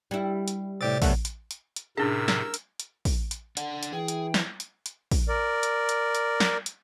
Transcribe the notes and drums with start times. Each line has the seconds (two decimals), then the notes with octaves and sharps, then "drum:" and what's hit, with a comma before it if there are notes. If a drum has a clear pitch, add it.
0.11 G3 E4
0.48 drum: hi-hat
0.81 A2 C3 G4 D5 A6
1.02 F#2 A3 B3, drum: kick, open hi-hat
1.25 drum: hi-hat
1.51 drum: hi-hat
1.76 drum: hi-hat
1.97 A2 C3 C#4 D4 G#4 A#4 E6
2.28 drum: snare
2.54 drum: hi-hat
2.80 drum: hi-hat
3.05 drum: kick, open hi-hat
3.31 drum: hi-hat
3.57 D4 F#5, drum: hi-hat
3.83 drum: hi-hat
3.93 E3 G#4 G5
4.08 drum: hi-hat
4.34 drum: snare
4.60 drum: hi-hat
4.86 drum: hi-hat
5.11 drum: kick, open hi-hat
5.28 A#4 D5
5.63 drum: hi-hat
5.89 drum: hi-hat
6.15 drum: hi-hat
6.40 drum: snare
6.66 drum: hi-hat